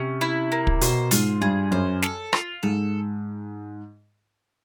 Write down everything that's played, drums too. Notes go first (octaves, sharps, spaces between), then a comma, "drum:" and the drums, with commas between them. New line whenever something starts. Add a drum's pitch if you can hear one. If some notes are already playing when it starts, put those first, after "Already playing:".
Already playing: C3 C#4
E4
A#3
drum: kick
B2 C5, drum: hi-hat
G#2 F4, drum: hi-hat
G2 G#4
F#2 C5
A4, drum: snare
F4, drum: rim click
G#2 A4